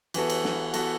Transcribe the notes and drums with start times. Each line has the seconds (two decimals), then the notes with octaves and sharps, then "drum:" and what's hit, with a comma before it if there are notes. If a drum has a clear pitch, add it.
0.14 E3 B3 F#4 A4, drum: cymbal
0.30 drum: cymbal
0.44 drum: snare
0.74 E3 B3 F#4 A4, drum: cymbal